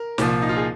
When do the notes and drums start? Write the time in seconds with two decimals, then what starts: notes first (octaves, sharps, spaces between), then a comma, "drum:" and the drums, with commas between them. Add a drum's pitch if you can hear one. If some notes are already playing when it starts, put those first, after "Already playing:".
Already playing: A#4
0.18 C2 A#2 F3, drum: snare
0.42 D#4
0.49 F4
0.56 G#4